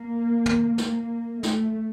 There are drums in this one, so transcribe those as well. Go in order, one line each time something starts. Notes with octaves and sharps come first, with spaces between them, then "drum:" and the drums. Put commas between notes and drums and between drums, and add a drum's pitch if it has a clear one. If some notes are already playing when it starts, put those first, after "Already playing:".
Already playing: A#3
drum: tom
A#3, drum: snare
A3, drum: snare